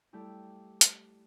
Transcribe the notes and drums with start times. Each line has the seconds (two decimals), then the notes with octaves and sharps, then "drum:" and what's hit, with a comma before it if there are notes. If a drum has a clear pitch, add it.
0.13 G3 A3 E4 G4
0.81 drum: hi-hat